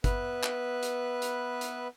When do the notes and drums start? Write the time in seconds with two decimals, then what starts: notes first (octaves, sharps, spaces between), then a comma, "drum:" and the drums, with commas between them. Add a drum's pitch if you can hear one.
0.04 B3 B4 E5 F#6, drum: kick, hi-hat
0.43 drum: clap
0.83 drum: hi-hat
1.22 drum: hi-hat
1.61 drum: hi-hat